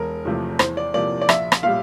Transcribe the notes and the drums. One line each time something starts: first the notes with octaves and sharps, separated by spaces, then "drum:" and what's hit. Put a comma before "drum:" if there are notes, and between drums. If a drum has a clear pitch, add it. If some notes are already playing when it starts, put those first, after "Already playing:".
Already playing: E1 A#4
E2 C3 F3 A3
E2 C5, drum: rim click
D5
C3 F3 A#3 D5
D5
A#1 E5, drum: rim click
drum: rim click
A#2 G3 F5